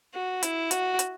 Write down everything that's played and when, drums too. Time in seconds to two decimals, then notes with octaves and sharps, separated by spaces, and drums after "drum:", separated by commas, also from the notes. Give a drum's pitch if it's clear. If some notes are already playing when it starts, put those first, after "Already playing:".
0.14 F#4
0.43 E4, drum: hi-hat
0.71 F#4, drum: hi-hat
0.99 drum: hi-hat